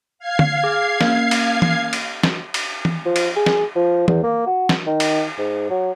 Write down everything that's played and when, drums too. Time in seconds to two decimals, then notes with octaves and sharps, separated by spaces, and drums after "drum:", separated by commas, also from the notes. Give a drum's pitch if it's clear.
0.19 F5 G#6 C7
0.39 drum: tom D3
0.64 G#4 D6 F6
1.01 A#3 C#4, drum: snare
1.31 drum: cymbal
1.62 drum: tom E3
1.93 drum: cymbal
2.23 drum: snare
2.54 drum: cymbal
2.85 drum: tom E3
3.05 F3
3.16 drum: cymbal
3.36 G#4
3.46 drum: snare
3.75 F3
4.08 E2, drum: tom E3
4.23 A#3
4.46 F#4
4.69 drum: snare
4.87 D#3
5.00 drum: cymbal
5.38 G#2
5.70 F#3